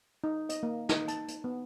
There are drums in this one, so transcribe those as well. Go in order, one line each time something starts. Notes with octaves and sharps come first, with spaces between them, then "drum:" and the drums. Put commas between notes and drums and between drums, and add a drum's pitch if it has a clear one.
D#4
D#5, drum: hi-hat
A#3
D#4, drum: snare
A5, drum: hi-hat
drum: hi-hat
B3